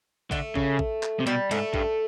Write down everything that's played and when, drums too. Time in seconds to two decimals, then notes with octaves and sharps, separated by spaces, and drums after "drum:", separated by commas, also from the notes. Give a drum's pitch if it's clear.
0.31 D3 A3, drum: kick A#1
0.56 C#3, drum: kick A#1
0.79 drum: kick A#1
1.03 drum: clap
1.20 C3
1.26 B2 G3
1.51 G#2 A3
1.74 G2, drum: kick A#1